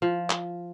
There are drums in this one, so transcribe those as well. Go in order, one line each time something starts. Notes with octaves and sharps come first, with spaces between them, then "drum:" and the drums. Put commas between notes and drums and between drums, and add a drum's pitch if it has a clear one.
F3
drum: clap